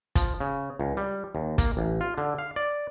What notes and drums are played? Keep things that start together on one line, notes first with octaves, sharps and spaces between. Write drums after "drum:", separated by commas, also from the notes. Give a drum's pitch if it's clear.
F3, drum: kick, hi-hat
C#3
C#2
G3
D#2
A#3, drum: kick, hi-hat
A1
F4
D3
F5
D5